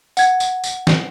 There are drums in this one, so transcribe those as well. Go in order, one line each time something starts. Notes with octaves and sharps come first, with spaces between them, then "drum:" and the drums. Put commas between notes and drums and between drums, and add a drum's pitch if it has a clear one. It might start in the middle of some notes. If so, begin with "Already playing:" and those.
F#5 G#6, drum: tambourine
drum: tambourine
drum: tambourine
drum: snare